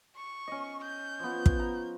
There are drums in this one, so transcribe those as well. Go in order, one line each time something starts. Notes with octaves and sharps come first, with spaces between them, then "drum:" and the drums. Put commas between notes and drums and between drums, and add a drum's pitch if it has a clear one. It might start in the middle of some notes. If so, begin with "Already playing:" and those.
C#6
C#4 D#5
G6
F3 B3
drum: kick
A#5